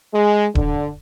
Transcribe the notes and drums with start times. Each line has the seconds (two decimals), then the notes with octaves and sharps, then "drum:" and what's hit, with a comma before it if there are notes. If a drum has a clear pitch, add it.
0.14 G#3
0.55 D3, drum: kick D#1